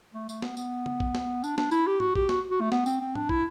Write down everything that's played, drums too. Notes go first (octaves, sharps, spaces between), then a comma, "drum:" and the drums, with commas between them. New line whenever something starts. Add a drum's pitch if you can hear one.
A3
A3, drum: tambourine
B3, drum: snare
B3, drum: tambourine
drum: tom C#3
drum: kick
drum: snare
D4, drum: tambourine
D4, drum: snare
E4, drum: tambourine
G4
F#4, drum: tom G#2
G4, drum: kick
F#4, drum: snare
F#4
A3
B3, drum: snare
C4, drum: tambourine
C4
D4, drum: tom G#2
E4, drum: kick